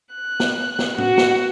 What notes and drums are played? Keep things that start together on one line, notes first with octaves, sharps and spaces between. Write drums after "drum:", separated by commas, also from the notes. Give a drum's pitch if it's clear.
F#6
drum: snare
drum: snare
F#4, drum: tom
drum: snare